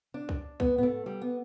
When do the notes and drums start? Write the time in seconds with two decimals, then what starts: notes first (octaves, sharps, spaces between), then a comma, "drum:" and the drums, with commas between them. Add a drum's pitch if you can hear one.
0.14 D4
0.29 drum: kick
0.60 B3, drum: kick
0.78 B3, drum: tom G#2
0.83 A3
1.06 G3
1.21 B3